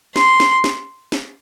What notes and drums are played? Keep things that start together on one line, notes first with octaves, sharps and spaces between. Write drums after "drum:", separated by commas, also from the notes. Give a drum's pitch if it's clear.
C6, drum: snare
drum: snare
drum: snare
drum: snare